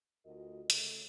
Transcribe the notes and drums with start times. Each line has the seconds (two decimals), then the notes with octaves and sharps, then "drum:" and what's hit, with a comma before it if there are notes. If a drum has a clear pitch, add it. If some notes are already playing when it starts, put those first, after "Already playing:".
0.25 D2 F4 F#4 A#4 D#5
0.70 C#3 A3, drum: hi-hat